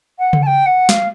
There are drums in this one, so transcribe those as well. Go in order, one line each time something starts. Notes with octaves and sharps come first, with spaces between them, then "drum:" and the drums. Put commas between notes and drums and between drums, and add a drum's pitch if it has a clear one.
F#5
drum: tom C#3
A5
G5
F#5
F5, drum: snare